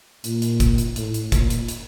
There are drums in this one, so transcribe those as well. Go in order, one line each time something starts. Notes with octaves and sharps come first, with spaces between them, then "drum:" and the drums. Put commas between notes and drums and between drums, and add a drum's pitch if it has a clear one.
A#2, drum: hi-hat
drum: hi-hat
drum: kick, hi-hat
drum: hi-hat
A2, drum: hi-hat
drum: hi-hat
A#2, drum: kick, hi-hat
drum: hi-hat
drum: hi-hat